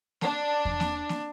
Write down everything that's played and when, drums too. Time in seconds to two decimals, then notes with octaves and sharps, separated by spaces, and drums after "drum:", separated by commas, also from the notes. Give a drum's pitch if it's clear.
0.21 D4, drum: snare A#3
0.65 drum: kick E2
0.80 drum: snare A#3
1.09 drum: snare A#3